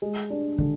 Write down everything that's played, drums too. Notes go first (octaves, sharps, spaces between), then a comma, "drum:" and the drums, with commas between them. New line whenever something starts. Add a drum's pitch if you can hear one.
G#3
D4
D3, drum: kick